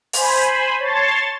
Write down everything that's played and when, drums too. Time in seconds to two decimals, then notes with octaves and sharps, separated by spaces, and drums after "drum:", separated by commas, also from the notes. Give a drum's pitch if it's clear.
0.13 C5 G#5 B5, drum: open hi-hat
0.79 C#5 A5 C6 A6